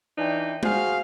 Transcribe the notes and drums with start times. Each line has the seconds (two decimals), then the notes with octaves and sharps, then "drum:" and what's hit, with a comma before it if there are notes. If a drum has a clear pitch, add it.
0.17 E3 D4 D#4 G5
0.63 F#4 G#4 C5 F5, drum: tom G#3